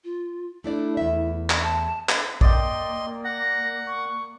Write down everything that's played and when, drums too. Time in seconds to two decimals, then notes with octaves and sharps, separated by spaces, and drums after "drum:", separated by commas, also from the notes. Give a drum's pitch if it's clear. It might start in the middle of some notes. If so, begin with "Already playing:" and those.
0.04 F4
0.64 A3 D4 E4 D5
0.97 E2 E5
1.50 drum: clap
1.63 A5
2.09 drum: clap
2.41 A#3 D5 D#5 G5 C6, drum: kick A#1
3.24 F#5 A#6
3.87 C#6